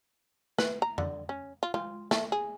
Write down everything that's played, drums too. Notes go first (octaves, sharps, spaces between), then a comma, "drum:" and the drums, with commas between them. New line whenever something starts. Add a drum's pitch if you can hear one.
B4, drum: snare
A#5
D3, drum: tom F2
C#4
F4
F4, drum: tom G#3
A3, drum: snare
G#4